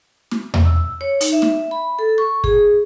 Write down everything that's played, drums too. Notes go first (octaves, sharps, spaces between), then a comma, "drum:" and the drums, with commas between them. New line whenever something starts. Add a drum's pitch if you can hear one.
drum: snare
drum: tom E2
E6
C#5
D#4, drum: hi-hat
E5
drum: snare
B5
A4
C#6
G#4, drum: kick